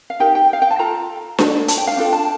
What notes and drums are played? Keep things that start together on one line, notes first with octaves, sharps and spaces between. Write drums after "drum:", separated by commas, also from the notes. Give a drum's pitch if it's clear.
F5
D#4 G4 A#4 G5
G5
F5
G5
A5
F4 A4 A#5
D4 A4, drum: snare D4
A5, drum: hi-hat
G5
F5
D4 F4 A4 G5
A5